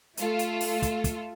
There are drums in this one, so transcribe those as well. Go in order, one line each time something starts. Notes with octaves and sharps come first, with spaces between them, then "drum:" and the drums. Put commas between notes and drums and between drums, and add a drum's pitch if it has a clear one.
A3 F4 A4, drum: hi-hat
drum: hi-hat
drum: open hi-hat
drum: kick, hi-hat
drum: kick, hi-hat